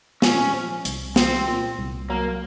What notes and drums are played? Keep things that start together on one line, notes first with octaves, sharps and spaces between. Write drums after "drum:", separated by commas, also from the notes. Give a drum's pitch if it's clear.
A#2 C#4, drum: snare
F3
C2, drum: hi-hat
F3 C4, drum: snare
A#2
C2
F#3 A#3